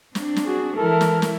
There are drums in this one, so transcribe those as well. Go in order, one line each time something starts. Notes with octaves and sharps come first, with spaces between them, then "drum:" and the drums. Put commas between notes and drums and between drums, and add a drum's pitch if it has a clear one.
C4 D4, drum: snare
drum: snare
F#4 G#4
E3 G#3 E4 A4 A#4
drum: snare
drum: snare